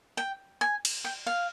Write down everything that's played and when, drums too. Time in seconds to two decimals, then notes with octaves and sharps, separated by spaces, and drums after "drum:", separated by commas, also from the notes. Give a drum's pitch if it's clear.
0.17 G5
0.61 G#5
0.85 drum: cymbal
1.05 G5
1.26 F5